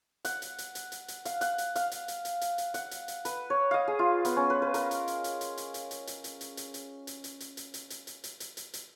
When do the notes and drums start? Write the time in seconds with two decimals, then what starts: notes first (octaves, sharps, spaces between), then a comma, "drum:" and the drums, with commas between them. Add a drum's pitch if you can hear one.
0.25 F#5, drum: hi-hat
0.42 drum: hi-hat
0.58 drum: hi-hat
0.75 drum: hi-hat
0.92 drum: hi-hat
1.08 drum: hi-hat
1.25 F5, drum: hi-hat
1.41 F#5, drum: hi-hat
1.58 drum: hi-hat
1.75 F5, drum: hi-hat
1.92 drum: hi-hat
2.08 drum: hi-hat
2.25 drum: hi-hat
2.41 drum: hi-hat
2.58 drum: hi-hat
2.74 F#5, drum: hi-hat
2.91 drum: hi-hat
3.08 drum: hi-hat
3.25 B4, drum: hi-hat
3.50 C#5
3.71 D#5 F5
3.88 G#4
3.99 F4
4.25 B3, drum: hi-hat
4.36 C#4
4.50 B4
4.62 B4
4.74 A#4, drum: hi-hat
4.91 drum: hi-hat
5.08 drum: hi-hat
5.24 drum: hi-hat
5.41 drum: hi-hat
5.57 drum: hi-hat
5.74 drum: hi-hat
5.91 drum: hi-hat
6.07 drum: hi-hat
6.24 drum: hi-hat
6.41 drum: hi-hat
6.57 drum: hi-hat
6.74 drum: hi-hat
7.07 drum: hi-hat
7.24 drum: hi-hat
7.40 drum: hi-hat
7.57 drum: hi-hat
7.74 drum: hi-hat
7.90 drum: hi-hat
8.07 drum: hi-hat
8.24 drum: hi-hat
8.40 drum: hi-hat
8.57 drum: hi-hat
8.74 drum: hi-hat